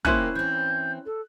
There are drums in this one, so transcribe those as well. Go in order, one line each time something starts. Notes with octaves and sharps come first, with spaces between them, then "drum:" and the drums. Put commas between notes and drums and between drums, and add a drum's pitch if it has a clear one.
D#3 A#3 C#4 E4 G4 C5 F#6, drum: kick
E3 C4 G6
A4